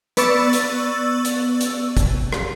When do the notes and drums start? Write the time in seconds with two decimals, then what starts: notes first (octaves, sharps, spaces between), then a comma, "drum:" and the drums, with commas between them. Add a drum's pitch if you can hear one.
0.17 B3 B4 D5 C#6 E6 A6, drum: hi-hat
0.53 drum: hi-hat
1.25 drum: hi-hat
1.61 drum: hi-hat
1.97 drum: kick, hi-hat
2.32 drum: rim click